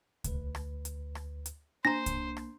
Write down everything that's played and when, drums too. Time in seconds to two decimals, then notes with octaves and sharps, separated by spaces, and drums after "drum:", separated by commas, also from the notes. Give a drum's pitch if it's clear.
0.24 D2 B4, drum: kick C2, hi-hat
0.55 drum: rim click
0.85 drum: hi-hat
1.15 drum: rim click
1.46 drum: hi-hat
1.85 A#3 D4 C5 A#5 A#6
2.06 drum: kick C2, hi-hat
2.37 drum: rim click